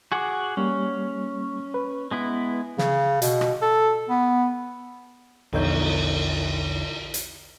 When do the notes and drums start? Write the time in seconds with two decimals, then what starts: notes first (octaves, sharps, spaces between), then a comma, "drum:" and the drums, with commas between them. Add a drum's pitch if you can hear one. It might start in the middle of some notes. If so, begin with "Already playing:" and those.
0.12 F#4 G#4 F#5 G#5 C#6 D6
0.57 G3 A#3 C#4
1.74 B4
2.11 G#3 B3 E4
2.78 C#3, drum: snare
3.22 B2, drum: hi-hat
3.41 drum: rim click
3.62 A4
4.09 B3
5.53 A#1 E2 D3 D#4 C#5 G6, drum: cymbal
7.14 drum: hi-hat